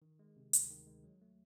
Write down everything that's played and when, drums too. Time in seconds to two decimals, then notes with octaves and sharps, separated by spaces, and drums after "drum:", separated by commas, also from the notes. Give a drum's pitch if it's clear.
0.02 D#3
0.19 G#3
0.36 C3
0.53 D2, drum: hi-hat
0.70 D#3
0.87 G#3
1.04 F#3
1.21 A3